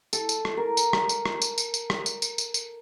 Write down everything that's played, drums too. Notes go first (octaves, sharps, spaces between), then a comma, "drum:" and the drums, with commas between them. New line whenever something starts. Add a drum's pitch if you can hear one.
A4, drum: tambourine
drum: tambourine
drum: rim click
A#4
drum: tambourine
drum: rim click
drum: tambourine
drum: rim click
drum: tambourine
drum: tambourine
drum: tambourine
drum: rim click
drum: tambourine
drum: tambourine
drum: tambourine
drum: tambourine